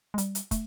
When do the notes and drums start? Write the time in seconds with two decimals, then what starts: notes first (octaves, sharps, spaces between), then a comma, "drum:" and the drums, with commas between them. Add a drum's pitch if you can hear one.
0.14 G#3
0.18 G3, drum: hi-hat
0.35 drum: hi-hat
0.51 A3, drum: kick, hi-hat